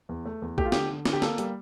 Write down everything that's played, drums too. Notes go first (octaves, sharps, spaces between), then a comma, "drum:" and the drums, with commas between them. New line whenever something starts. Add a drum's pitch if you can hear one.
E2
A3
E2
A3 G4, drum: kick A#1
F4
D3 G4, drum: snare
D3
D3, drum: snare
G4
A#3 A4, drum: snare
G3, drum: hi-hat